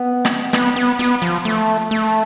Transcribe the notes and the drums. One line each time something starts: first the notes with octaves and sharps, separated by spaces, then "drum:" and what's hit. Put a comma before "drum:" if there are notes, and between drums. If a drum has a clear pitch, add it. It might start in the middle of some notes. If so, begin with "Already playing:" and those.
Already playing: B3
drum: snare
B3, drum: snare
B3
B3, drum: open hi-hat
F3, drum: hi-hat
A3
A3